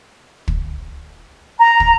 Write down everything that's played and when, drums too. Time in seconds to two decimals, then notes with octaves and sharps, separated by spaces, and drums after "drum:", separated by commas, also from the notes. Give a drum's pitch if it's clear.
0.48 drum: kick
1.58 A#5
1.80 drum: kick